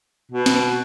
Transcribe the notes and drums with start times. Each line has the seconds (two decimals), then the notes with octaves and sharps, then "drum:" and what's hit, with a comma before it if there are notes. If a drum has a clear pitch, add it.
0.32 B2
0.46 drum: snare